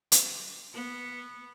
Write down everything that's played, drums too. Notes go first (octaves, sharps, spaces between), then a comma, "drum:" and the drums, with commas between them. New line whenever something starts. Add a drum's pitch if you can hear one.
drum: hi-hat
B3